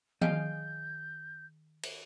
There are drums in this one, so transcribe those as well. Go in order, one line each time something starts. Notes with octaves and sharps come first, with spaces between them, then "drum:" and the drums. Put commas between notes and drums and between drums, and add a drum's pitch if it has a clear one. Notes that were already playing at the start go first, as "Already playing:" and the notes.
D#3 G#4 D#5 F5 G5 G6, drum: tom D#3
drum: cymbal